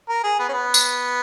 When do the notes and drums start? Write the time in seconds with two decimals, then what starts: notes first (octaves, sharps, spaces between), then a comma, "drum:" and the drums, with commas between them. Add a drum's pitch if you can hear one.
0.09 A#4
0.24 G#4
0.39 B3
0.49 C#4
0.53 B3
0.74 drum: tambourine